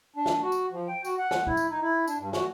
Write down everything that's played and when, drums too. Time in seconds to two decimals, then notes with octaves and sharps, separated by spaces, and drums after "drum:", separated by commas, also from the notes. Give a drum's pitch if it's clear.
0.16 D4
0.26 drum: snare
0.42 F#4
0.52 drum: tambourine
0.72 F3
0.88 G5
1.05 F#4, drum: tambourine
1.18 F#5
1.31 drum: snare
1.47 E4, drum: kick C#2
1.57 drum: tambourine
1.71 D#4
1.82 E4
2.08 D4, drum: tambourine
2.19 G2
2.33 F#4, drum: snare